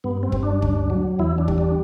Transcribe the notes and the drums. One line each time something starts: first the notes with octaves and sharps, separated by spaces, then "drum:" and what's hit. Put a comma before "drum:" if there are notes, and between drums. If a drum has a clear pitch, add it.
G2 B3
C4
G2, drum: kick
D4
D2, drum: kick
F#3
E2 E4
D4
G3, drum: kick
D4